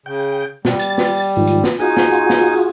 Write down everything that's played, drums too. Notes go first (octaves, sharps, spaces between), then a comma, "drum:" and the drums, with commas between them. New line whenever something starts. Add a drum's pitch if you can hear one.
C#3 G5
B2 G3, drum: snare
A6, drum: hi-hat
drum: snare
drum: open hi-hat
G#2 D#3 F3
drum: hi-hat
drum: snare
D#4 F4 F#4 G#4 G#5, drum: open hi-hat
drum: snare
drum: hi-hat
drum: snare
drum: open hi-hat